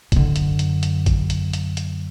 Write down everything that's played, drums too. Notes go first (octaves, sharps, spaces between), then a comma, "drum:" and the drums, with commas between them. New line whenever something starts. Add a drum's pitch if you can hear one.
F#2 D3, drum: kick G#1, hi-hat
drum: hi-hat
drum: hi-hat
drum: hi-hat
drum: kick G#1, hi-hat
drum: hi-hat
drum: hi-hat
drum: hi-hat